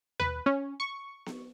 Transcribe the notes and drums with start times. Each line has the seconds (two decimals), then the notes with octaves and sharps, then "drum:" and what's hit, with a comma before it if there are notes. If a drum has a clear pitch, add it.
0.20 B4, drum: tom D#2
0.46 C#4
0.80 C#6
1.26 drum: snare B3